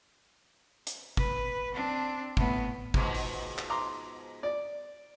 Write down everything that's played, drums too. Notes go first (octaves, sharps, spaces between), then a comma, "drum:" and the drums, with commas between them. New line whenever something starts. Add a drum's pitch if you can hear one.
drum: hi-hat
B4, drum: kick
C4 D4
A2 B3, drum: kick
G#2 B2 F3, drum: kick
drum: open hi-hat
drum: clap
A#5 C6 D6
D5